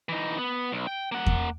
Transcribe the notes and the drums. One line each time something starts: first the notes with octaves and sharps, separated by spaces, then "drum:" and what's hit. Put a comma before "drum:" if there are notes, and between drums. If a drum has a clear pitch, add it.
E3 D#4
B3
B1
G5
A#3 F#5
drum: kick E2